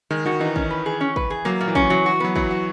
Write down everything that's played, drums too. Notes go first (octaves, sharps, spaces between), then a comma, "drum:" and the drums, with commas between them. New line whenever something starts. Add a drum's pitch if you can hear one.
D#3 G#3
D#3 F#4
E3 D#4
C#4, drum: kick
B4
G#4
C#4
B4, drum: kick
G#4
F#3 A#3
A#2
E3
C#4, drum: kick
E3 F#3
F#4
F#3 B3
E3 F#3, drum: kick
F#4